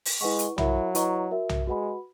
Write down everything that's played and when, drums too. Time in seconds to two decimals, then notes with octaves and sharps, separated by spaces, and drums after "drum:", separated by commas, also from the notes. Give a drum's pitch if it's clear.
0.05 drum: open hi-hat
0.21 G#3 E4 B4 F#5 C#6
0.39 drum: hi-hat
0.58 F#3 E4 A#4 E5 B5, drum: tom B1
0.95 E4 B4 D#5 A#5 C#6, drum: hi-hat
1.31 F#4 A#4 E5
1.49 drum: tom B1
1.67 G#3 F#4 B4 F#5 B5